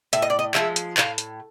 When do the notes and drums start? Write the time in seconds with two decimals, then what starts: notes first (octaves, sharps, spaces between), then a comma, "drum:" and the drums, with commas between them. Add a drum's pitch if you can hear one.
0.13 A2 E5, drum: hi-hat
0.22 D#5
0.30 D5
0.39 D#5
0.55 F3 G#3 E5, drum: clap
0.76 drum: hi-hat
0.97 A2 F5, drum: clap
1.18 drum: hi-hat